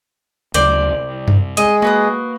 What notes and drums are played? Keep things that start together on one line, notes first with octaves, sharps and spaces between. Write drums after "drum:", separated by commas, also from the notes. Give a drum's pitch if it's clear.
D2 C#3 F#3 C5 D5, drum: hi-hat
C2
drum: tom F#2
G#3 D#5, drum: hi-hat
A#3 F#4 B4 D#6